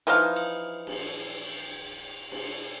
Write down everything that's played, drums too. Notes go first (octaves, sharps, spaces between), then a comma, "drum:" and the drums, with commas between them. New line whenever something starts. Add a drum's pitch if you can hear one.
E3 F3 D#4 F5, drum: hi-hat
drum: cymbal
drum: cymbal
drum: cymbal